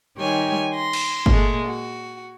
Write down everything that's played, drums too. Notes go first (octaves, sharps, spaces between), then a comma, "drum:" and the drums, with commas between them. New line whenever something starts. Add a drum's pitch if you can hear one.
D#3 G3 G4 C#5 G#5 C6
C6 A#6
drum: cymbal
A#2 G#3 A3, drum: kick G1
F#4